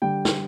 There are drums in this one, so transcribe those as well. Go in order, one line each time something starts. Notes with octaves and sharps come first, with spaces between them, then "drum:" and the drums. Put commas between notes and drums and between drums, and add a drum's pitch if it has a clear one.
D3 G3 G5
drum: snare